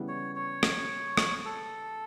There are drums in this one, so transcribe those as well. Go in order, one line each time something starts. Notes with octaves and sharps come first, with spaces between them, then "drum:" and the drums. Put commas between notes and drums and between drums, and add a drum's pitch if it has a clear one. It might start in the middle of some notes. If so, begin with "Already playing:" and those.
Already playing: C#3 E3 G3 B3 E4
C#5
C#5
drum: rim click
drum: rim click
A4